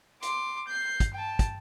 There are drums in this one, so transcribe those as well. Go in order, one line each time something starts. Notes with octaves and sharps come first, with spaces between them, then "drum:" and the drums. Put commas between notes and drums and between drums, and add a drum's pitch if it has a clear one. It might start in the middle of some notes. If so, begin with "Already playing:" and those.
C6 D6, drum: hi-hat
G6 C7
drum: kick, hi-hat
G5 A5
drum: kick, hi-hat